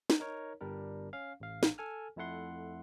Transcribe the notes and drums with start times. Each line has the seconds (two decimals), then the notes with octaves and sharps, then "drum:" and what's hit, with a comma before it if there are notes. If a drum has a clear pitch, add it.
0.10 drum: snare
0.20 D#4 A#4 C#5
0.61 G1 G3 D4 A#4
1.13 C#4 F5
1.40 A1 F5
1.63 drum: snare
1.78 A4 G#5 F6
2.16 F2 A3 E4 A4 F#5 C6